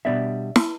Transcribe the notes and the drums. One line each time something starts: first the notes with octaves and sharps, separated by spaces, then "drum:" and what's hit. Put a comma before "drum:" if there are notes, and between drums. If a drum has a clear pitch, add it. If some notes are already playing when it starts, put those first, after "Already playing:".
B2 G3 B3 D4 D5 E5
drum: snare